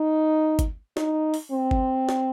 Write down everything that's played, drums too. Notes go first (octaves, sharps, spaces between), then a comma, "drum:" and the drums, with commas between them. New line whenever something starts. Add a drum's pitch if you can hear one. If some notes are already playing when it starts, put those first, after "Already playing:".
Already playing: D#4
drum: kick, hi-hat
D#4, drum: snare
drum: open hi-hat
C4
drum: kick
drum: snare